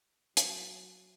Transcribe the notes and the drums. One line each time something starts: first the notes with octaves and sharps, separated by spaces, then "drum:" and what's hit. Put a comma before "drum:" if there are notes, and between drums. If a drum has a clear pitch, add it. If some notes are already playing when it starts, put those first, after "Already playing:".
F#3, drum: hi-hat